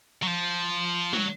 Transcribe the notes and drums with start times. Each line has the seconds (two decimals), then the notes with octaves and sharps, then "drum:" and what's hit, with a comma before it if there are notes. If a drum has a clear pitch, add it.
0.23 F#3
0.27 F3
1.13 F#3, drum: tom G3